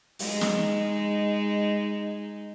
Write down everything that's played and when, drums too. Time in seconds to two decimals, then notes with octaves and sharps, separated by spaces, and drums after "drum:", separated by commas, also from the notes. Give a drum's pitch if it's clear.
0.19 G#3 D#4, drum: open hi-hat
0.41 drum: snare